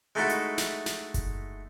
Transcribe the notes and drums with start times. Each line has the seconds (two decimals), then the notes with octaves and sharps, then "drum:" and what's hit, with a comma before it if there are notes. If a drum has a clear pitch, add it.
0.15 G#3 A3 D#4 E4 F#4 A4
0.30 drum: hi-hat
0.58 drum: snare
0.86 drum: snare
1.14 drum: kick F#1, hi-hat